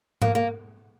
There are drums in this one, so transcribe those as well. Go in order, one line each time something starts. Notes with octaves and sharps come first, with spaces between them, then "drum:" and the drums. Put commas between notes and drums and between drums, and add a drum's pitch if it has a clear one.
A#3, drum: tom G#2
A#3